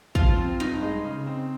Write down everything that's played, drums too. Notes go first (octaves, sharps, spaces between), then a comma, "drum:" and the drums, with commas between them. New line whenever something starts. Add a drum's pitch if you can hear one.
F3 F4, drum: kick
C4
G2 D#4
G#3
C#3
C4